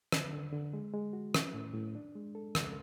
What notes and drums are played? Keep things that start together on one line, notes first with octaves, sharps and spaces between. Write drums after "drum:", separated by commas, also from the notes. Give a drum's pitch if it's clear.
D3, drum: rim click
D3
D3
G#3
G#3
F#4
C#4, drum: rim click
A2
A2
D4
G#3
A4
C#3, drum: rim click